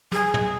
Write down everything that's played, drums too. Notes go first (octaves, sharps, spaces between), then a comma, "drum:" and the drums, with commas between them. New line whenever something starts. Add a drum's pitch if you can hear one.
G#4, drum: tom
drum: tom